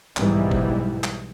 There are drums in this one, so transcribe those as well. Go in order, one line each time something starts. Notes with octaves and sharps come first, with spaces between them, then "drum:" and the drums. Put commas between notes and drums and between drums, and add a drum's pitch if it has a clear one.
B1 G#2 E3 G3, drum: clap
drum: kick G#1
drum: clap